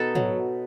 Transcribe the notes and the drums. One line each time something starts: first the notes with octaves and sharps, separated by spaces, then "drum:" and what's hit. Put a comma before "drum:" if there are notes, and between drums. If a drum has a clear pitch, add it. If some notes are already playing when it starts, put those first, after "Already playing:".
Already playing: B2 B3 D#4 A4 B4
F#3, drum: tom